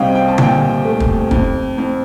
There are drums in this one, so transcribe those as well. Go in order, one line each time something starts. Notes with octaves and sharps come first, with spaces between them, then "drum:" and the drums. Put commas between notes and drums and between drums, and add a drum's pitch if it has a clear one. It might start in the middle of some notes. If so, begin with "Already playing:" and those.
Already playing: C2 D4 C5 D#5 F5 G5
G5
A5
A#2 G5, drum: tom D3
A3
drum: kick
F2, drum: kick
F2